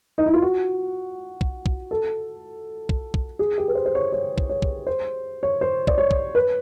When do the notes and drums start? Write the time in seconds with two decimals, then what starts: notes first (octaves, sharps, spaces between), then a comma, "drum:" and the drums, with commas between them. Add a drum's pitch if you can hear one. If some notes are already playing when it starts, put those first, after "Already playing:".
0.18 D#4
0.26 E4
0.34 F4
0.42 F#4
1.41 drum: kick
1.66 drum: kick
1.91 A4
2.89 drum: kick
3.14 drum: kick
3.39 G#4
3.58 G4
3.68 B4
3.75 C5
3.86 C5
3.95 C#5
4.12 C#5
4.38 drum: kick
4.49 C#5
4.62 drum: kick
4.87 C5
5.43 C#5
5.61 C5
5.87 D5, drum: kick
5.98 C#5
6.11 drum: kick
6.35 B4